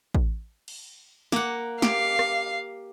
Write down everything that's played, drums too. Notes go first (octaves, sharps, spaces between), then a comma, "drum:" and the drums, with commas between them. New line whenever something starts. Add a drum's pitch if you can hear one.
drum: kick A1
drum: cymbal
A#3 F#5, drum: snare
G4 F5, drum: snare
drum: rim click